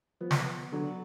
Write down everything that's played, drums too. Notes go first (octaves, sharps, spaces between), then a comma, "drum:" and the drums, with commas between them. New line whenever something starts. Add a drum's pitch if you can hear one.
F3 B3
drum: snare
B3
D3 F#3